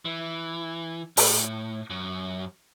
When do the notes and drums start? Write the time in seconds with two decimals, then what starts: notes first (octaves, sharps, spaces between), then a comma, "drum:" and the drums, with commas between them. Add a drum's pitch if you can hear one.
0.05 E3
1.17 A2, drum: open hi-hat
1.90 F#2